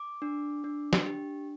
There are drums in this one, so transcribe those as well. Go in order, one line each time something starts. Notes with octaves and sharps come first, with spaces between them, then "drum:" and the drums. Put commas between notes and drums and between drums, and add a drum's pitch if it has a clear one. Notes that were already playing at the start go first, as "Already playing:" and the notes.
Already playing: D6
D4
D4
drum: snare
G4